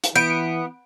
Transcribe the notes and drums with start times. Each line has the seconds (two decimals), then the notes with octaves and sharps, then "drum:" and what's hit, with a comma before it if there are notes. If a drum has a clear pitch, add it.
0.04 drum: hi-hat
0.16 E3 B3 G6 D7